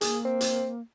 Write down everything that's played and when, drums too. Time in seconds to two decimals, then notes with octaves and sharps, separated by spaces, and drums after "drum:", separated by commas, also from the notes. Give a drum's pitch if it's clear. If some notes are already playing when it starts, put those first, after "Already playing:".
0.01 A#3 G#4, drum: hi-hat
0.25 C4
0.41 drum: hi-hat